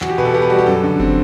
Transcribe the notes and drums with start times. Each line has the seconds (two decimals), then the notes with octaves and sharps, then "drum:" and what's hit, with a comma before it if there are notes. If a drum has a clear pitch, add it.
0.01 E2 F#4, drum: clap
0.09 G4
0.18 B2 B4
0.25 A4
0.34 B3 G4
0.42 B4
0.50 G3 F#4
0.58 G4
0.66 F#2 A4
0.84 D3
1.00 C4, drum: kick F#1